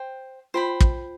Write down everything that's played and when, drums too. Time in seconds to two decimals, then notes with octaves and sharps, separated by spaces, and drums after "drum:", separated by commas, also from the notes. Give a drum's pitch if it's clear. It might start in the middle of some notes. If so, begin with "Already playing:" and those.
Already playing: C5 G5
0.54 F4 C5 G5 B5
0.80 drum: kick